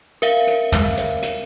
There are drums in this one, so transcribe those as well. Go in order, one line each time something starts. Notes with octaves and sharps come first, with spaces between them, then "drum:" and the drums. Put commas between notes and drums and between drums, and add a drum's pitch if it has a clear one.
A#4 E5 F5, drum: hi-hat
drum: hi-hat
drum: tom
drum: hi-hat
drum: hi-hat